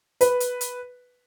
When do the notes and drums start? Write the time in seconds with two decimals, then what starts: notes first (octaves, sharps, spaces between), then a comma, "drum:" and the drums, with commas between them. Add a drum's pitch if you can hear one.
0.21 B4, drum: hi-hat
0.40 drum: hi-hat
0.61 drum: hi-hat